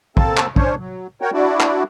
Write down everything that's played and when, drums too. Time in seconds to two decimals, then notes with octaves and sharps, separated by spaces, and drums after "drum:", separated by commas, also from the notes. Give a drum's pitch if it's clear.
0.17 A#3 C4 A4 A5, drum: kick
0.37 drum: clap
0.56 C#4 D4 C5 C#5, drum: kick
0.78 F#3
1.21 F#4 A#4 C#5 G5
1.34 D4 E4 F#4 D5
1.60 drum: clap